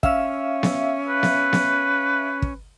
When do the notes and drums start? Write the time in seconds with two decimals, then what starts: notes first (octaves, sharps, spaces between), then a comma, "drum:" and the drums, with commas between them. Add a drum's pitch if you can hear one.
0.03 C#4 E5 F5 E6, drum: kick
0.63 drum: snare B3
1.09 B4
1.23 drum: snare B3
1.53 drum: snare B3
2.42 drum: kick